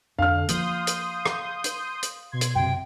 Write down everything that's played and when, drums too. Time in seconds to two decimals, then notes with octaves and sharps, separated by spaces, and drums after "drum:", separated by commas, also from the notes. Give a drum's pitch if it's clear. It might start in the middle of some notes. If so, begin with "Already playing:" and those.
0.19 F2 D3 F5 F6
0.48 F3 A#3 C6 D#6 G6, drum: hi-hat
0.87 drum: hi-hat
1.26 drum: rim click
1.64 drum: hi-hat
2.03 drum: hi-hat
2.32 B2 C6 G#6
2.41 drum: hi-hat
2.55 F#2 C3 G5